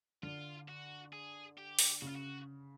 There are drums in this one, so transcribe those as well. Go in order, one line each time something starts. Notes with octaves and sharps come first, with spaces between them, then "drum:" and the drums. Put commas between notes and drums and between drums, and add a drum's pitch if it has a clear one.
D3 F4
F#4
G#4
G4
drum: open hi-hat
C#3 F#4
F4
F#4